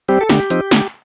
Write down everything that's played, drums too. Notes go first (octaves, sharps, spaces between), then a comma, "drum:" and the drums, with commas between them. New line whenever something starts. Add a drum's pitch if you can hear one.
G3 C4 G4
A4
D3 G4, drum: snare
F3 C4 D#4, drum: hi-hat
D3, drum: snare